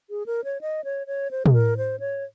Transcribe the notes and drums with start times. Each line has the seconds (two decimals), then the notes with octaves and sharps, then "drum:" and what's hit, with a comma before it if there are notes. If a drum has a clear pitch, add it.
0.10 G#4
0.26 A#4
0.44 C#5
0.61 D#5
0.84 C#5
1.07 C#5
1.31 C5
1.46 G#4, drum: tom
1.53 A#4
1.77 C5
2.00 C#5